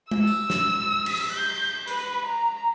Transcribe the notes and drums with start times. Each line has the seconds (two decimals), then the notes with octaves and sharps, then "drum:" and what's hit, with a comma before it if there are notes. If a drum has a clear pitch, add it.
0.11 E6, drum: tom G#3
0.27 drum: tambourine
0.50 drum: snare
1.06 drum: cymbal
1.32 G6
1.88 B4, drum: hi-hat
2.26 A#5